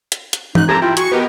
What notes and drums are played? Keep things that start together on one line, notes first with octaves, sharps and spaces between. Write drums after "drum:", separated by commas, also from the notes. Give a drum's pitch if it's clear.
drum: hi-hat
drum: hi-hat
G#2 D#4 F#6, drum: tom E3
A3 C4 G4 G#4 A#4 A5 A#5
E4 F4 G5
F#4 G#4 C#6 C#7, drum: hi-hat
B3 G4 A#4 B4 D#5